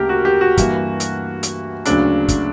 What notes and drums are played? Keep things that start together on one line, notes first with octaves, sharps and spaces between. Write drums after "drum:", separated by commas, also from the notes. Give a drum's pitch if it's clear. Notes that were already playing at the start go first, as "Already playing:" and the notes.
Already playing: D2 C#3 G3 A#3 G4 A#4
F#4
G4
F#4
G2 E3 A#3, drum: kick, hi-hat
drum: hi-hat
drum: hi-hat
D2 C#3 F#3 A#3 D4, drum: hi-hat
drum: kick, hi-hat